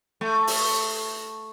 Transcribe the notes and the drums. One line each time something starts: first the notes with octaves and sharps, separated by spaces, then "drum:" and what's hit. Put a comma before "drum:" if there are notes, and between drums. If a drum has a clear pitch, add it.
A3
drum: open hi-hat